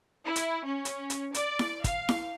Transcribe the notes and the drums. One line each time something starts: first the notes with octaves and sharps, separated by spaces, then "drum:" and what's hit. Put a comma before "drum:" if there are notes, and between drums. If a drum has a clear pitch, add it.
E4
drum: hi-hat
C#4
drum: hi-hat
drum: hi-hat
D5, drum: hi-hat
drum: snare E4
F5, drum: kick, hi-hat
drum: snare E4